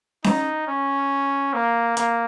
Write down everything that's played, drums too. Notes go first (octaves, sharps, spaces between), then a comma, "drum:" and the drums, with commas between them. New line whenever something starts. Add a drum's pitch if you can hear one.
D#4, drum: snare C#4
C#4
A#3
A#3, drum: hi-hat